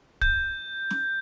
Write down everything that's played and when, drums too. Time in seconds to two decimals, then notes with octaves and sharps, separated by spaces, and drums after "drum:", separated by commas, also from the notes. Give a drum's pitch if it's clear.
0.22 G6, drum: kick
0.90 drum: snare